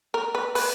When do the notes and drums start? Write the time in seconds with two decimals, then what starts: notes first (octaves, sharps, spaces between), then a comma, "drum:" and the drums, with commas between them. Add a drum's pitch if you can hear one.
0.14 A#4
0.35 B4
0.55 B4, drum: open hi-hat